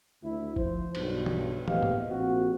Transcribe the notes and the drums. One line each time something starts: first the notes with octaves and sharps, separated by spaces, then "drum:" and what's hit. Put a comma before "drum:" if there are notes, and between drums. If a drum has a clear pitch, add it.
D2 E4
F3 C5, drum: kick G1
B1 G2, drum: cymbal
drum: tom
A#1 A2 B3 G4 D#5 F5, drum: tom
drum: tom
A#1 C4 F#4